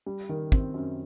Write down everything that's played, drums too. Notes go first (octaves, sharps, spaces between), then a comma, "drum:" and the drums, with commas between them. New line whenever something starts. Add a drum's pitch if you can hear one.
G3
D#3
C4, drum: kick
F#2